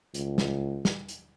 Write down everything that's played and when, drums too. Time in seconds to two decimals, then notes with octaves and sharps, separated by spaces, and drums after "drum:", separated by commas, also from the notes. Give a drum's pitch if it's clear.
0.14 C#2, drum: hi-hat
0.38 drum: snare
0.85 drum: snare
1.08 drum: hi-hat